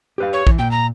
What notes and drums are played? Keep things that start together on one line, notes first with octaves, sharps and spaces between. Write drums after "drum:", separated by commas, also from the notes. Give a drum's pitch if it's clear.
G4 B4 F5
C#5
E3, drum: kick A#1
A#2 G5
A#5